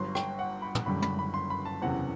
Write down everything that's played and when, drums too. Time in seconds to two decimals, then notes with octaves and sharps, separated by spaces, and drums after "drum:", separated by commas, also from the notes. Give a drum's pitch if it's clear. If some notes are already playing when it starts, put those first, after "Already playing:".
Already playing: G1 G2 F#3 C6
0.15 G5, drum: rim click
0.39 F#5
0.62 B5
0.75 drum: tom
0.86 F#1 F#2 D3 G3 B5
1.02 B5, drum: tom
1.19 B5
1.34 C6
1.50 B5
1.65 A5
1.82 F#1 E2 C3 F#5